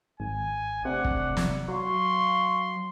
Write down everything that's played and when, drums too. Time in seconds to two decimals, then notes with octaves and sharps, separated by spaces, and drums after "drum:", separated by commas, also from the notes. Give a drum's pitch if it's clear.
0.20 G#1 G#5
0.85 C3 A3 D4 D5 F#5
1.05 drum: kick
1.37 drum: snare
1.68 F#3 F5 C6 C#6